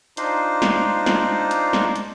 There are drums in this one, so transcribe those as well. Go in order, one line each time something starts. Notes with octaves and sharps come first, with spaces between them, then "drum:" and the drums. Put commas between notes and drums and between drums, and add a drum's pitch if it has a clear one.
D4 D#4 F4 C5, drum: hi-hat
drum: snare
drum: snare
drum: hi-hat
drum: snare
drum: hi-hat